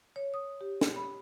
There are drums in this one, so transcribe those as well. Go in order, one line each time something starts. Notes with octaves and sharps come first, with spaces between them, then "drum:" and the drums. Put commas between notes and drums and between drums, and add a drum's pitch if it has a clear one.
C#5
D#6
G4
drum: snare
B5